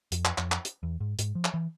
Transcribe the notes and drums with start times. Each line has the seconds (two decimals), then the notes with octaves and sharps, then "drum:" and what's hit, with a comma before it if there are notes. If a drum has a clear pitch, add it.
0.12 F2, drum: hi-hat
0.25 drum: clap
0.38 F2, drum: clap
0.52 drum: clap
0.65 drum: hi-hat
0.83 E2
1.00 G#2
1.19 G#2, drum: hi-hat
1.35 F3
1.45 drum: clap
1.54 E3